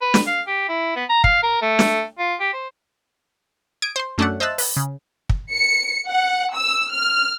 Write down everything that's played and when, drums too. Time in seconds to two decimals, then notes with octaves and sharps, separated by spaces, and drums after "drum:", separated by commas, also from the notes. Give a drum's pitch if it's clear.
0.01 B4
0.14 drum: snare
0.27 F5
0.47 G4
0.69 E4
0.96 B3
1.09 A#5
1.24 F5, drum: kick
1.43 A#4
1.62 A3
1.79 drum: snare
2.19 F4
2.40 G4
2.53 C5
3.82 D#6 G#6 D7
3.96 C5 C6
4.18 F#2 A3 C#4 D4 D5 F#5
4.40 C5 D#5 E5 A5 E6 F#6
4.58 B4, drum: open hi-hat
4.77 C#3
5.29 drum: kick
5.51 C#7
6.08 F#5
6.55 E6
6.93 F6